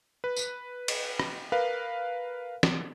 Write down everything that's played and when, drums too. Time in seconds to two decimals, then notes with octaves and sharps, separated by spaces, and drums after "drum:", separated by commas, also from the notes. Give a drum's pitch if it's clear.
0.24 B4
0.36 drum: tambourine
0.88 drum: cymbal
1.20 drum: rim click
1.52 A#4 B4 F5
2.63 drum: snare